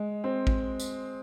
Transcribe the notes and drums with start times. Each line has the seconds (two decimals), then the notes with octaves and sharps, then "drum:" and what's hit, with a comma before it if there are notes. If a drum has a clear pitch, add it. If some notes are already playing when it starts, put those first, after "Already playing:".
Already playing: G#3
0.24 C4
0.47 drum: kick
0.80 drum: tambourine